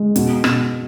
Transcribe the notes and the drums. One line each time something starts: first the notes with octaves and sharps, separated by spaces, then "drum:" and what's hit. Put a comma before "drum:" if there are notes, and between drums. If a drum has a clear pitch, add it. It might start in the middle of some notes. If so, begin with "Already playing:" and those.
Already playing: G#3
B2, drum: hi-hat
B2, drum: rim click